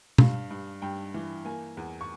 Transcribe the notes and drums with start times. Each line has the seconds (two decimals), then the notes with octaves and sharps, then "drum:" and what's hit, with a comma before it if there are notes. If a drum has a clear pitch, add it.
0.18 G2 F5, drum: tom B2
0.51 G2
0.82 G2 G5
1.14 E3
1.45 A#3 G#5
1.77 E2
2.01 C#6